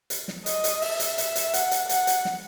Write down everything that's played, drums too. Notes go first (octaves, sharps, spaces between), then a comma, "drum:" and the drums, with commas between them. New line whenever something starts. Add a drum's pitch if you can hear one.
drum: hi-hat
drum: snare
D#5, drum: hi-hat
drum: hi-hat
E5, drum: open hi-hat
drum: hi-hat
E5, drum: hi-hat
drum: hi-hat
F#5, drum: hi-hat
drum: hi-hat
F#5, drum: hi-hat
drum: hi-hat
drum: snare